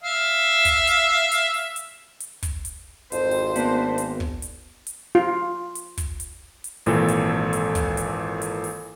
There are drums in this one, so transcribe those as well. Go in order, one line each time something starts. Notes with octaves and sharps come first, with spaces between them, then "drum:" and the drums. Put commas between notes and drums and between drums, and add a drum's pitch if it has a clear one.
E5 F5
drum: kick, hi-hat
drum: hi-hat
drum: hi-hat
drum: open hi-hat
drum: hi-hat
drum: hi-hat
drum: kick, hi-hat
drum: hi-hat
G#1 F2 C5, drum: hi-hat
drum: open hi-hat
A#3 B3 D4, drum: hi-hat
drum: hi-hat
drum: kick
drum: hi-hat
drum: hi-hat
F4
drum: hi-hat
drum: kick, hi-hat
drum: hi-hat
drum: hi-hat
G#1 A#2 E3 A4, drum: open hi-hat
drum: hi-hat
drum: hi-hat
drum: kick, hi-hat
drum: hi-hat
drum: hi-hat
drum: open hi-hat